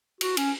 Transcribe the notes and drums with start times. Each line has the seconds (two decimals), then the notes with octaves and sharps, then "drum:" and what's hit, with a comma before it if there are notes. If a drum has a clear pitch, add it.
0.21 F#4, drum: cymbal
0.37 C#4, drum: cymbal